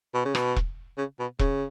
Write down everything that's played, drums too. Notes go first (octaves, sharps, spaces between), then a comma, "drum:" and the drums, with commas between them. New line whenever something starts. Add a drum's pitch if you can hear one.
B2
C#3
B2, drum: rim click
drum: kick E1
C#3
B2
C#3, drum: kick E1